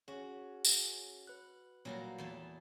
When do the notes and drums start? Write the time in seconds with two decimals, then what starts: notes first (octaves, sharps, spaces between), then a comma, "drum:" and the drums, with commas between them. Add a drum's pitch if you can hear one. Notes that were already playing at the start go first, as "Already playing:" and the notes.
0.08 C#4 F#4 G#4
0.65 drum: tambourine
1.27 B4 F#6
1.85 A#2 F#3 G3 A#3 A6
2.18 E2 A3 A5